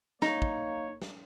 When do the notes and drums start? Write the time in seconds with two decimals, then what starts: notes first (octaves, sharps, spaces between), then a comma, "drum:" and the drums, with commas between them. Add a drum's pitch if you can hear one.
0.22 A#3 D#4 C#5, drum: snare
0.42 drum: kick
1.02 drum: snare